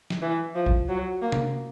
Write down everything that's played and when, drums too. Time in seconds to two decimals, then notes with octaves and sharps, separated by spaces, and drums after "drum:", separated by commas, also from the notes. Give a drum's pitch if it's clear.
0.10 drum: snare
0.22 E3
0.55 F3
0.66 drum: kick
0.88 F#3
1.22 A#3
1.32 drum: tom C3